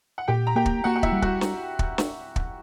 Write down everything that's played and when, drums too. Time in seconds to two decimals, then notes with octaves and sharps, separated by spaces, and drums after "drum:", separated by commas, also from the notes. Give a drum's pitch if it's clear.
0.18 F#5
0.28 A#2 G4 G5
0.47 A#5
0.56 A#3 G4 G5
0.66 drum: kick
0.84 A#3 F#4 F#5
0.96 F#5
1.03 E4 E5, drum: kick
1.12 G3
1.22 F#4 F#5, drum: kick
1.41 drum: snare
1.79 drum: kick
1.98 drum: snare
2.36 drum: kick